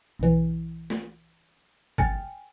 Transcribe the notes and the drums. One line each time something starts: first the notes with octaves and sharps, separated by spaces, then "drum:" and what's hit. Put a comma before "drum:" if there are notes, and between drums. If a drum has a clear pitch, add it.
B1 E3
drum: snare
G5 G#5 F6 A6 C#7, drum: kick G#1